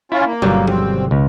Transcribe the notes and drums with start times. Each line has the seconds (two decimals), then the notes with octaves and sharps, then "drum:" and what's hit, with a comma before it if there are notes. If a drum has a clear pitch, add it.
0.12 C#4 E4 F4
0.26 A#3
0.42 G1 F#3 G3, drum: tom B2
0.67 C4, drum: tom F3
1.11 C#2